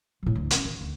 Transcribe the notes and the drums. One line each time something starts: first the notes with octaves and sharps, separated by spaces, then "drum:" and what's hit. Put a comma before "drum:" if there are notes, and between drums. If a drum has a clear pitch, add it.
A2 F3
D2
B3 C#4, drum: hi-hat
D#3
D2